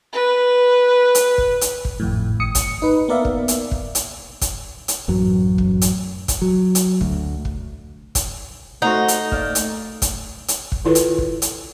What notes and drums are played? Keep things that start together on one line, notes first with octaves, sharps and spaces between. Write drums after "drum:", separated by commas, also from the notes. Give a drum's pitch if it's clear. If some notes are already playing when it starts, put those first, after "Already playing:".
B4
drum: hi-hat
drum: kick
drum: hi-hat
drum: kick
G#1 F2 A2
G#1 D#6 C#7
drum: kick, hi-hat
D#4 B4
A#3 B3 A#4 D5 E5 F5
drum: kick
drum: hi-hat
drum: kick
drum: hi-hat
drum: kick, hi-hat
drum: hi-hat
A1 F#2 F#3
drum: kick
drum: hi-hat
drum: kick, hi-hat
F#3
drum: hi-hat
D2, drum: kick
drum: kick
drum: kick, hi-hat
A3 D#4 F#4 C5 F#5
drum: hi-hat
A#3 D5, drum: kick
drum: hi-hat
drum: kick, hi-hat
drum: hi-hat
drum: kick
D#3 E4 F4 A4 B4
drum: hi-hat
drum: kick
drum: hi-hat